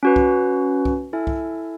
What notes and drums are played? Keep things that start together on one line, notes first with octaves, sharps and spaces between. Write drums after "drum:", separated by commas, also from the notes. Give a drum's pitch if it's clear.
C#4 F#4 B4
drum: kick C2
drum: kick C2
E4 A4 E5 G#5
drum: kick C2